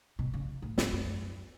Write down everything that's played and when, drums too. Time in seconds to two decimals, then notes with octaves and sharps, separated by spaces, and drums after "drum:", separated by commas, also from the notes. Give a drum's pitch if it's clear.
0.19 B2
0.34 C#3
0.62 A2
0.78 G#2, drum: snare
0.93 F#2